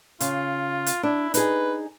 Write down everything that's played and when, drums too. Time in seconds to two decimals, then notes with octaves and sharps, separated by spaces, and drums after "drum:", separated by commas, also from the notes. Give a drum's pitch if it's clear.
0.20 C#3 F4, drum: hi-hat
0.86 drum: hi-hat
1.03 D4 E4
1.34 D#4 G#4 B4, drum: hi-hat